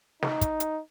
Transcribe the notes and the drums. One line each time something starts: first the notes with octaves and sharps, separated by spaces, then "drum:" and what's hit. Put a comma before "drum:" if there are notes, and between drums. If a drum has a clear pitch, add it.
D#4, drum: snare
drum: kick, hi-hat
drum: hi-hat